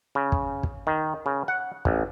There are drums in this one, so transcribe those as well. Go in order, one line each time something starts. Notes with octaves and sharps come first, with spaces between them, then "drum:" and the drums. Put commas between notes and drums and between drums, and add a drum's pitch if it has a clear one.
C#3
drum: kick
drum: kick
D#3
C#3
F#5
A1, drum: kick